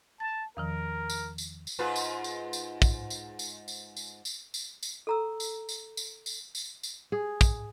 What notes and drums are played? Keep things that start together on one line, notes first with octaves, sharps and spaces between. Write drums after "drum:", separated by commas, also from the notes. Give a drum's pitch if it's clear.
A5 A6
E2 D#3 F3 A#4
drum: tambourine
drum: tambourine
drum: tambourine
G#2 F4 B4
drum: tambourine
drum: tambourine
drum: tambourine
drum: kick, tambourine
drum: tambourine
drum: tambourine
drum: tambourine
drum: tambourine
drum: tambourine
drum: tambourine
drum: tambourine
A4 A#5 E6
drum: tambourine
drum: tambourine
drum: tambourine
drum: tambourine
drum: tambourine
drum: tambourine
G#4
drum: kick, tambourine